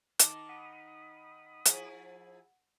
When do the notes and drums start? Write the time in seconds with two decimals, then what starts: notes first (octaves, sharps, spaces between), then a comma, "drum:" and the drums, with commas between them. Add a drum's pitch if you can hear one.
0.19 D#3 D#4 D#5 A5 D6, drum: hi-hat
0.49 F#5 B5 D#6
1.66 F3 E4 G#4, drum: hi-hat